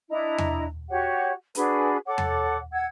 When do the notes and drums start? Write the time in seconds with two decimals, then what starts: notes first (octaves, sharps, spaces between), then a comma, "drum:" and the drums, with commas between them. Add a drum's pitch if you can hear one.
0.10 D4 E4 D#5 A#5
0.38 drum: tom E2
0.90 F#4 G4 C#5 F#5
1.55 D4 F#4 G#4 B4, drum: hi-hat
2.06 A4 C#5 F#5 D6
2.18 drum: tom E2
2.73 F#5 E6 G#6